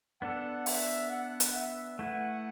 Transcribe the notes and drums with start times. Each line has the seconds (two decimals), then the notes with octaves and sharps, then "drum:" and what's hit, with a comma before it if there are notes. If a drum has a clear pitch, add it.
0.21 B3 D4 A4 F#5
0.66 E5, drum: open hi-hat
1.10 F#5
1.40 drum: hi-hat
1.55 E5
1.99 A3 E4 B4 F#5